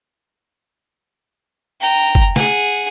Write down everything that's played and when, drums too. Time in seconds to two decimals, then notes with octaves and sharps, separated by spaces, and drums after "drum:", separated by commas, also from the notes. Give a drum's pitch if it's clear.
1.81 G5 A#5
2.15 drum: kick
2.36 G#4 F#5, drum: snare